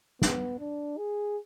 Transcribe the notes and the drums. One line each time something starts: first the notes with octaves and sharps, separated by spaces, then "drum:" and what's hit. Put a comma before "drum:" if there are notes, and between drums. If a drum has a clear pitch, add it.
B3, drum: snare
D4
G#4